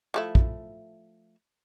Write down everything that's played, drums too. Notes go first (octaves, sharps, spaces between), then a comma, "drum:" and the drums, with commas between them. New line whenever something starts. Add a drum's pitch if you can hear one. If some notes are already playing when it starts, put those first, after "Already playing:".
F3 A3 E4
drum: kick